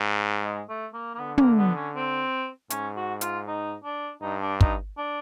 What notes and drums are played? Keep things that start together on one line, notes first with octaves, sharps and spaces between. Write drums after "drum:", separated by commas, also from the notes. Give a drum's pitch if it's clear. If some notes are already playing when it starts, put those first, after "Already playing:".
Already playing: G#2
G#3
A3
A#3
A#3
D3 B3
A#3, drum: tom
B3
C#4
C4
G#2 C#4, drum: hi-hat
F#4
F4, drum: hi-hat
D#4
D4
G2 D#4
D4
D#4, drum: kick
D4